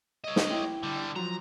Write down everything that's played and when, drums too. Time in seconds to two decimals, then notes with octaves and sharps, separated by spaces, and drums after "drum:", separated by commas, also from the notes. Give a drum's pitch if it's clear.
0.24 C#5 D#5
0.36 drum: snare
0.50 E4 G4
0.83 D3 G3
1.16 F3 F#3 A#5